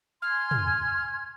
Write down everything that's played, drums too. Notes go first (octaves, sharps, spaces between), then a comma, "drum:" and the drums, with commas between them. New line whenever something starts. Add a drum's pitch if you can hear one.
G#5 C6 F6 G#6
drum: tom